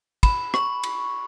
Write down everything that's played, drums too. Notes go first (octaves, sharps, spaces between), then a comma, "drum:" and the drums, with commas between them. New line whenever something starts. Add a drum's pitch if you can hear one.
B5, drum: kick, cymbal
C#6, drum: rim click
drum: cymbal